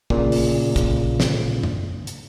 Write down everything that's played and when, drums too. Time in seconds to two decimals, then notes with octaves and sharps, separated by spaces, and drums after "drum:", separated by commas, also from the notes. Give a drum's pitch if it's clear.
0.10 A#2 C#3, drum: kick
0.32 drum: open hi-hat
0.76 drum: kick, hi-hat
1.20 drum: snare
1.63 drum: tom
2.07 drum: hi-hat